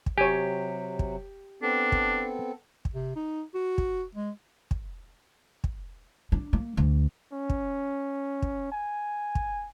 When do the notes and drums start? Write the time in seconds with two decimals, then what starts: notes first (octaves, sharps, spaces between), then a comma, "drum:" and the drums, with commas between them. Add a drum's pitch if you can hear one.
0.06 drum: kick
0.18 C3 F#3 G4 C#5 G#5
0.99 drum: kick
1.62 B3 C4 D4 A4
1.92 drum: kick
2.85 drum: kick
2.94 C3
3.16 D#4
3.54 F#4
3.78 drum: kick
4.15 G#3
4.71 drum: kick
5.64 drum: kick
6.32 D4
6.53 A#3
6.77 D2
7.32 C#4
7.50 drum: kick
8.42 drum: kick
8.72 G#5
9.35 drum: kick